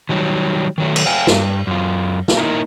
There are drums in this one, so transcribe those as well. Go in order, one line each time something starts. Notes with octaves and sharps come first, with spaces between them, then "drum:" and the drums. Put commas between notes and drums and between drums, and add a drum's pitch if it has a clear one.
D#3 F#3 G3
D#3 F#3 A3
drum: cymbal
F5 G5 G#5
G2, drum: snare
F#2 F4
drum: snare
A#3 D#4 E4 A#4